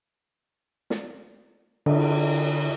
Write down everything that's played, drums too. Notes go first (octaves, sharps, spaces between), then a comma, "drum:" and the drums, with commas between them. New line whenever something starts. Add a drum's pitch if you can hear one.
drum: snare
D3, drum: cymbal